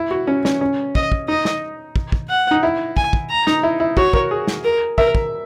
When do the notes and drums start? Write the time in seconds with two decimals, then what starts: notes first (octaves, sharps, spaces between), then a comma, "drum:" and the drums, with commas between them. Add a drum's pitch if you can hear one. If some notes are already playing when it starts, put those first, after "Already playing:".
Already playing: E4
0.11 F#4
0.27 C#4
0.45 C#4, drum: snare
0.61 C#4
0.95 D#5, drum: kick
1.12 drum: kick
1.28 D#4 D#5
1.45 drum: snare
1.96 drum: kick
2.12 drum: kick
2.29 F#5
2.51 D#4
2.63 E4
2.97 G#5, drum: kick
3.13 drum: kick
3.30 A#5
3.47 D#4, drum: snare
3.63 E4
3.80 E4
3.97 F#4 C#5, drum: kick
4.13 A#4, drum: kick
4.31 G#4
4.47 drum: snare
4.64 A#4
4.98 A#4 E5, drum: kick
5.15 drum: kick